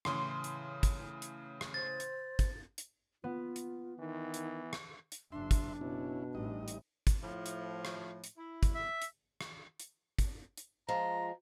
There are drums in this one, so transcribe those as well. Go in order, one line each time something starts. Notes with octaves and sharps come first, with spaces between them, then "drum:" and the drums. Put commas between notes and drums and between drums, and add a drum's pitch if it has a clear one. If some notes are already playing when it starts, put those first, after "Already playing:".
A2 C#3 E3 C6, drum: rim click
drum: hi-hat
drum: kick, hi-hat
drum: hi-hat
drum: rim click
C5 A6
drum: hi-hat
drum: kick, hi-hat
drum: hi-hat
B3 F4
drum: hi-hat
D#3 E3
drum: hi-hat
drum: rim click
drum: hi-hat
F#1 D4 E5 C6
drum: kick, hi-hat
B2 C#4 E4
A1 A2 G3 D#4 D#5
drum: hi-hat
drum: kick, hi-hat
A2 F3
drum: hi-hat
drum: rim click
drum: hi-hat
E4
drum: kick, hi-hat
E5
drum: hi-hat
drum: rim click
drum: hi-hat
drum: kick, hi-hat
drum: hi-hat
F3 G#3 A#5